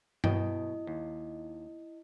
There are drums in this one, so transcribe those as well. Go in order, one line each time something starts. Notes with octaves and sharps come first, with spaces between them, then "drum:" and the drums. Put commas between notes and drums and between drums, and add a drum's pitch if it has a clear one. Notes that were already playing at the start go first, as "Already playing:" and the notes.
B2 E4 D#5 G5, drum: tom G2
D#2